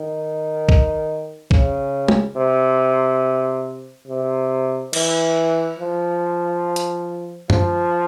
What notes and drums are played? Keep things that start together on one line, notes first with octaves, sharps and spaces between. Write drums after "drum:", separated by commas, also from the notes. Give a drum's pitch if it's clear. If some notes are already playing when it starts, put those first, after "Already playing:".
Already playing: D#3
drum: kick
C#3, drum: kick
drum: tom
C3
C3
E3, drum: cymbal
F3
drum: hi-hat
F3, drum: tom F#2